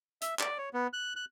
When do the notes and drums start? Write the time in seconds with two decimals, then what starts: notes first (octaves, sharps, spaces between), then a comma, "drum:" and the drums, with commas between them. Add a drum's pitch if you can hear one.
0.22 E5, drum: hi-hat
0.39 D5, drum: clap
0.58 C#5
0.74 B3
0.93 F#6
1.16 F#6